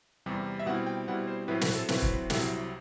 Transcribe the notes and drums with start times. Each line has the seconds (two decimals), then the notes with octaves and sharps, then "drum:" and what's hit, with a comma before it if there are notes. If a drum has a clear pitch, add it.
0.26 E2 C3 G3
0.60 E5
0.66 B2 G3 C4 E4 F#5
0.87 G5
1.08 B2 G3 C4 E4 F#5
1.28 C5
1.48 A2 F#3 C4 E4 B4
1.61 B4, drum: snare
1.75 A4
1.89 A2 F#3 C4 E4 B4, drum: snare
2.02 drum: kick
2.30 C2 C3 F#3 C4 E4, drum: snare